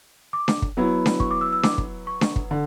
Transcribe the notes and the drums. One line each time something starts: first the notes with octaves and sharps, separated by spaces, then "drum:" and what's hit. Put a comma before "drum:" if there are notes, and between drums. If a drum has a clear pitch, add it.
D6
drum: snare D4
drum: kick
F#3 B3 E4
drum: snare D4
C#6, drum: kick
D6
E6
E6
D6, drum: snare D4
drum: kick
C#6
drum: snare D4
drum: kick
D3